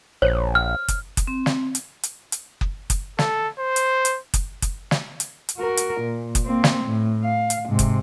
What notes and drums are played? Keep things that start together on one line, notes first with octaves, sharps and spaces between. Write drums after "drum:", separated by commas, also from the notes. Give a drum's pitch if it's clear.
A#1 C5 C#5
F6
drum: kick F#1, hi-hat
drum: kick F#1, hi-hat
C4
drum: snare
drum: hi-hat
drum: hi-hat
drum: hi-hat
drum: kick F#1
drum: kick F#1, hi-hat
A4, drum: snare
C5
drum: hi-hat
drum: hi-hat
drum: kick F#1, hi-hat
drum: kick F#1, hi-hat
drum: snare
drum: hi-hat
drum: hi-hat
F#4 A#4
drum: hi-hat
A#2
drum: kick F#1, hi-hat
A#3 C4
drum: snare
A2
F5
drum: hi-hat
G#2 C3
drum: kick F#1, hi-hat